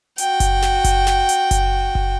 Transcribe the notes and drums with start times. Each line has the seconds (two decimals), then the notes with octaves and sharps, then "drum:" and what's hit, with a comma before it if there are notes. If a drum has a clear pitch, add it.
0.18 F#4 G5, drum: hi-hat
0.40 drum: kick F#1, hi-hat
0.62 drum: snare
0.84 drum: kick F#1, hi-hat
1.07 drum: snare
1.29 drum: hi-hat
1.51 drum: kick F#1, hi-hat
1.95 drum: kick F#1